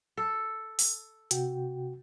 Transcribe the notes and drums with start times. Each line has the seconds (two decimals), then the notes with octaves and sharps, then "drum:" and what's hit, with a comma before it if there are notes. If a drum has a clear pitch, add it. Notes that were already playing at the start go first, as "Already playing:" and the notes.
0.17 A4
0.79 drum: open hi-hat
1.31 C3 F#4 G5, drum: hi-hat